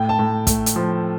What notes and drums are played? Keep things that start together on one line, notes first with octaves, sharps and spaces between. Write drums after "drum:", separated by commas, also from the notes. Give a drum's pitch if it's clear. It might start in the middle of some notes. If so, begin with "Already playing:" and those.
Already playing: A2 G5
A5
A2
A3, drum: kick, hi-hat
drum: hi-hat
F3